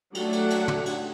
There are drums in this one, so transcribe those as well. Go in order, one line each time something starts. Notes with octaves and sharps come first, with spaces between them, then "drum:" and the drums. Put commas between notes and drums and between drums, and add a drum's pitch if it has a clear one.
F#3 A3 D4 F#5, drum: cymbal
drum: cymbal
drum: cymbal
drum: tom
drum: cymbal